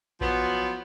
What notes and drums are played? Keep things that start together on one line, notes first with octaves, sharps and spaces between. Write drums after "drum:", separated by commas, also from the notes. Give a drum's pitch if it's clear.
F3 F#3 B3, drum: kick A#1